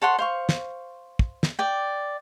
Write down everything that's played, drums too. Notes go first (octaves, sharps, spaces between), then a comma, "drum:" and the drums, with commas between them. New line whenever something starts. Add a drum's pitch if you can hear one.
A4 C#5 F#5 C6
C5 F5 C#6
drum: snare
drum: kick
drum: snare
D5 G5